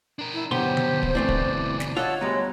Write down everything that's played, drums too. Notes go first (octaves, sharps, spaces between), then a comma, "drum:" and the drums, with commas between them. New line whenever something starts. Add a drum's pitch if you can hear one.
D4 A#4
E4
B1 B2 D3 B3 G4 C5 C6
drum: tom D3
drum: kick
E3 A3 C4 E4 D5
drum: kick
drum: snare
F4 C#5 D#5 F#5 A5 E6
D2 G3 G#3 B3 A#5